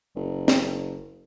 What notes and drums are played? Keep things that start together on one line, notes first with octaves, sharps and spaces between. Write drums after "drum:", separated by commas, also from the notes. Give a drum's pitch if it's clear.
F#1
drum: snare